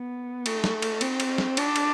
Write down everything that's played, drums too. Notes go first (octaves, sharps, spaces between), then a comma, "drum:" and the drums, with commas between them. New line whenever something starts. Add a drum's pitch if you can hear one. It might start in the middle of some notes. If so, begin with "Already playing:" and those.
Already playing: B3
A3, drum: cymbal
drum: snare
drum: cymbal
C4, drum: cymbal
drum: cymbal
drum: snare
D4, drum: cymbal
drum: cymbal